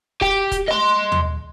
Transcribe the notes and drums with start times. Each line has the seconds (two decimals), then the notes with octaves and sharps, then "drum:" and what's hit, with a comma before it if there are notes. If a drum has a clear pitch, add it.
0.21 G4 G5, drum: kick
0.52 drum: kick, hi-hat
0.68 D#5 C6
1.12 drum: tom D#2